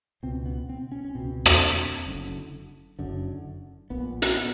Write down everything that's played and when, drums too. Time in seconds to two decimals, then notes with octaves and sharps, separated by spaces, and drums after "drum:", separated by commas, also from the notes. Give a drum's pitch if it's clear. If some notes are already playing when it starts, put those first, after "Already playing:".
0.23 C#2 B2 C4
0.46 B3
0.69 C4
0.92 C#4
1.04 C#4
1.15 C#2 B2 C4
1.45 drum: rim click
2.06 F#1 F#2 D3
2.99 F#1 F#2 D3
3.90 A#1 A#2 B3
4.22 drum: hi-hat
4.37 B3